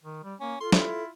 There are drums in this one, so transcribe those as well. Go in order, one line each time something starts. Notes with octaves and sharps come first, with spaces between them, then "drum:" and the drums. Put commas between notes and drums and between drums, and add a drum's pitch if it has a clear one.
D#3
G3
A#3 C#4
F4 A4 C6
E4, drum: snare